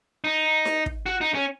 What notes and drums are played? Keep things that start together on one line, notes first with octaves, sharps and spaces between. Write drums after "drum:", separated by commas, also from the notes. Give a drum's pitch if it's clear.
D#4
drum: snare D#4
drum: kick
F#4
D#4
C#4